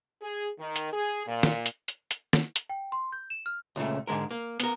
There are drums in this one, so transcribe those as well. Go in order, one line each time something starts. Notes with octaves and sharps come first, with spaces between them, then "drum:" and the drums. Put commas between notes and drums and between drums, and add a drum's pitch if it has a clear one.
G#4
D#3
drum: hi-hat
G#4
A#2
drum: snare
drum: hi-hat
drum: hi-hat
drum: hi-hat
drum: snare
drum: hi-hat
G5
C6
G6
E7
F6
C#2 A#2 C#3 A3
G#2 D3 G#3 A#4
A#3
B3 A#4, drum: hi-hat